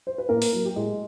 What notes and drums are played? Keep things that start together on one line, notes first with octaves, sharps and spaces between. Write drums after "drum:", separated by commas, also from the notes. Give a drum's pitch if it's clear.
C5
B4
A2 A#3 A#4
drum: open hi-hat
F#3 A#3
G4
A2 G#3 G#4